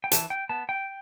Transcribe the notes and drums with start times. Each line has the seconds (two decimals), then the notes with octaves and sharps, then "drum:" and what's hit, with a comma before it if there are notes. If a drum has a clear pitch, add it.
0.04 G5
0.11 E3 A5, drum: hi-hat
0.30 G5
0.49 B3 A5
0.69 G5